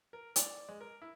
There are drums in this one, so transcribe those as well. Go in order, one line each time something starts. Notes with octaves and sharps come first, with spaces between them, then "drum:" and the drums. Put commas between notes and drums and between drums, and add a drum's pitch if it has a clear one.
A#4
D5, drum: hi-hat
G#3
A#4
E4